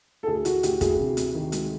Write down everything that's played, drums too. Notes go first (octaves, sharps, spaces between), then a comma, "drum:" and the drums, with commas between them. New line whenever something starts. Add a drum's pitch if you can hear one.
A4
D2 G#4
D2 F#4, drum: hi-hat
D2 G4, drum: hi-hat
D2 G#4, drum: kick, hi-hat
C3
C3, drum: hi-hat
D#3
G#3, drum: hi-hat